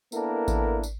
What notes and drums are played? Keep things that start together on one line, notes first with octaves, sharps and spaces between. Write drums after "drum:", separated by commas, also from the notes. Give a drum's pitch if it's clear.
A#3 B3 D4 E4 A4 A#4, drum: tambourine
drum: kick A1, tambourine
drum: tambourine